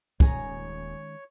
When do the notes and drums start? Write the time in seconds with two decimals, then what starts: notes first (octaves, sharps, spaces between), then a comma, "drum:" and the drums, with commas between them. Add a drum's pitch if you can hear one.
0.20 D#1 D#3 G#3 C#4 G#4 C#5 G#5 A#5, drum: kick